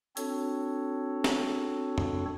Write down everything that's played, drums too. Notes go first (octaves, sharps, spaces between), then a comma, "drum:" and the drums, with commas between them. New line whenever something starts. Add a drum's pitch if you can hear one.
C4 D4 F#4 A4 C#5, drum: hi-hat
drum: snare
drum: tom F2